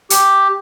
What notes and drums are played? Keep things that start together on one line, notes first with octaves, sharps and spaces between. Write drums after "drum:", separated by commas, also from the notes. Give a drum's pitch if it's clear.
G4, drum: hi-hat